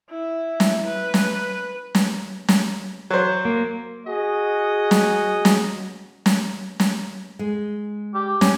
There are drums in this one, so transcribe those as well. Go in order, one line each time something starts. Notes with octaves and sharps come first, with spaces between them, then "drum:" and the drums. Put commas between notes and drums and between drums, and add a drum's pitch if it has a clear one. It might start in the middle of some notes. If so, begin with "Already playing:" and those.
E4
drum: snare
B4
drum: snare
drum: snare
drum: snare
F#3 C5
A#3
F#4 G#4 D#5
drum: snare
drum: snare
drum: snare
drum: snare
G#3
G4
C#4, drum: snare